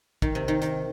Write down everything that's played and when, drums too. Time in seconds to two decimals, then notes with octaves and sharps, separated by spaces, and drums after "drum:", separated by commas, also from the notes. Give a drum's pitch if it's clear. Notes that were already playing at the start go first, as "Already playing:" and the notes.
0.22 D#3, drum: kick
0.35 C3
0.48 D#3
0.62 D#3, drum: hi-hat